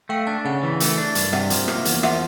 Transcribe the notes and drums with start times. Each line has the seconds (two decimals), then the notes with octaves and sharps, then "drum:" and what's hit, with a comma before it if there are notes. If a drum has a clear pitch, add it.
0.09 A3 F5 G5
0.27 D4 G5 A5
0.45 C#3 F#5 G#5
0.63 E3
0.80 A3, drum: hi-hat
0.97 D4
1.15 G2, drum: hi-hat
1.33 C3 E5 F#5, drum: rim click
1.50 F3, drum: hi-hat
1.68 A#3, drum: rim click
1.85 E2, drum: hi-hat
2.03 F3 E5 F#5, drum: rim click